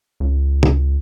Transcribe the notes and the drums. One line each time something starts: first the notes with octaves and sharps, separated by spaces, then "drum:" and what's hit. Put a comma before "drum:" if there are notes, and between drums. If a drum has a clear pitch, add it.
C#2
drum: tom